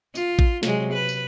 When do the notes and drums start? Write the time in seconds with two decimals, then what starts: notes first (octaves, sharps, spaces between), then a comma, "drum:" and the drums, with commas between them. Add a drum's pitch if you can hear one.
0.15 F4, drum: tambourine
0.39 drum: kick A1
0.63 C3 F#3 G#3, drum: snare
0.94 B4
1.09 drum: tambourine